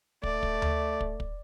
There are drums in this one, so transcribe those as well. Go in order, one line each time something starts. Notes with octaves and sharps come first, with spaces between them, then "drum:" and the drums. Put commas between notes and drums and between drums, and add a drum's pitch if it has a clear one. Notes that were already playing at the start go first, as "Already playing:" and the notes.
A3 D5, drum: kick
drum: kick
drum: tom D2
drum: kick
drum: kick